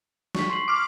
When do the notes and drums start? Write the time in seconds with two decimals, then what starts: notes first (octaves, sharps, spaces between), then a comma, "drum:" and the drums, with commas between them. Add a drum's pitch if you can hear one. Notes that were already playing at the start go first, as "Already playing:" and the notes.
0.35 C#6 B6, drum: snare
0.50 C6 C7 F#7
0.68 D6 F6